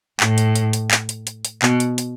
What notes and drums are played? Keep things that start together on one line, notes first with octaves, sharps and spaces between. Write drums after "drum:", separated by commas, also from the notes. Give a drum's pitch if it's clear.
A2, drum: clap
drum: hi-hat
drum: hi-hat
drum: hi-hat
drum: clap
drum: hi-hat
drum: hi-hat
drum: hi-hat
B2, drum: clap
drum: hi-hat
drum: hi-hat